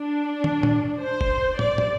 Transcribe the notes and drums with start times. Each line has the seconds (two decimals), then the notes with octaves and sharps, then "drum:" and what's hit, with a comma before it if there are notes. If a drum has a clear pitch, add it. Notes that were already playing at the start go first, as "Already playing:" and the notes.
Already playing: D4
0.44 drum: tom
0.63 drum: tom A#2
1.02 C5
1.21 drum: kick
1.59 D5, drum: tom
1.78 drum: tom